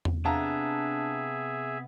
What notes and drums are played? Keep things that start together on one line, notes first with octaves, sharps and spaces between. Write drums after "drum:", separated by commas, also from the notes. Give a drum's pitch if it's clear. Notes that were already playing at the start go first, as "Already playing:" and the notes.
drum: tom E2
C3 B3 D4 G#4 E5 F5 A5 A#5